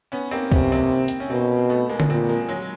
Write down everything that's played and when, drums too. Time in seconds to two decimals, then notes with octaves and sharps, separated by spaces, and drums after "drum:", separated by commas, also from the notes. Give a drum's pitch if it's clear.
0.12 B3 C#4
0.31 A#3 C4
0.52 C3 B3 C#4, drum: kick C2
0.72 A#3 C4
1.08 drum: hi-hat
1.20 C#4
1.30 B2 A#3 C4
1.70 A3 B3
1.89 G#3 A#3
2.00 drum: tom D3
2.10 A#2 A#3 C4
2.29 G#3 A#3
2.48 F#3 G#3
2.59 G#3